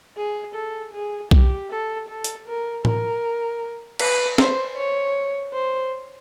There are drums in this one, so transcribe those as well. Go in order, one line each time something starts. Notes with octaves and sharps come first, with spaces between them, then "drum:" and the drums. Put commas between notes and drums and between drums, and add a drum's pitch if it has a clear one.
G#4
A4
G#4
G4, drum: kick B1
A4
A4
drum: hi-hat
A#4
A#4, drum: tom A2
B4, drum: cymbal
C5, drum: snare
C#5
C5